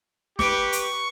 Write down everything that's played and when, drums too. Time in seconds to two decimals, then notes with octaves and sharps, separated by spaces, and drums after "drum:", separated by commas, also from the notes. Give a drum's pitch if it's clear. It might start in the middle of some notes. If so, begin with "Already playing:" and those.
0.39 G4 B4 C#6 D6 D7, drum: snare
0.72 drum: hi-hat